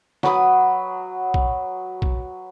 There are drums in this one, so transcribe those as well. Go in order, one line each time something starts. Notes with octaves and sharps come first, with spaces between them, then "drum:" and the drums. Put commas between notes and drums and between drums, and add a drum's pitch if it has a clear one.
F#3 B4 D#6, drum: snare
drum: kick A#1
drum: kick A#1